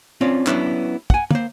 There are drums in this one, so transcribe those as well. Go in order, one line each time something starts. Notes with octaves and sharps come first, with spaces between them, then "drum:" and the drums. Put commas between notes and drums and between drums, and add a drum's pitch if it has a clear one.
C4 C#4 F4 D5
F#3 B3 C#4 D4 E4, drum: clap
F#5 G#5, drum: kick
A#3 C5, drum: tom